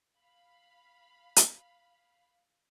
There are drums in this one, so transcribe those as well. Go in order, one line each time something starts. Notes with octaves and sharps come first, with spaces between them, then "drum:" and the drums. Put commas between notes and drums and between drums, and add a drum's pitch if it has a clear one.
F5 B5
drum: hi-hat